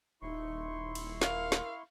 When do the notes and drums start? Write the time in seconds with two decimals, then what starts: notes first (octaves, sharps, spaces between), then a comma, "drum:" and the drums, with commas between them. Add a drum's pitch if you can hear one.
0.22 D#1 D#4 E4 C6 C#6
0.95 drum: cymbal
1.21 A#4 F5, drum: snare
1.52 drum: snare